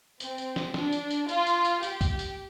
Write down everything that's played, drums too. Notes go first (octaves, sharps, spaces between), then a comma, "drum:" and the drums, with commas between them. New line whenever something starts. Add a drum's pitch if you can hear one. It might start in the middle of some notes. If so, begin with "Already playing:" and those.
C4, drum: tambourine
drum: tambourine
drum: snare
D4, drum: snare
drum: tambourine
drum: tambourine
F4, drum: tambourine
drum: tambourine
drum: tambourine
G4, drum: tambourine
drum: kick C2, tambourine
drum: tambourine